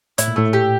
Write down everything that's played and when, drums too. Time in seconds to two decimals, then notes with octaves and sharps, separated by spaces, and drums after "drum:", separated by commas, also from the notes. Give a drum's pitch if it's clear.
0.18 A2 E4, drum: hi-hat
0.28 A#2
0.36 A2 A3
0.53 G4